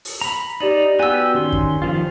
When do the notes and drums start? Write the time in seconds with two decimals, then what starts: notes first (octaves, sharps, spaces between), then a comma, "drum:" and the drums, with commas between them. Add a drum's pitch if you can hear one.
0.05 drum: open hi-hat
0.21 A#5 B5, drum: hi-hat
0.60 D#4 G4 D5 F#7
0.99 B3 F#4 G4 G#5 E6
1.34 D#3 C#4 C6
1.52 drum: kick
1.82 D#3 F3 F4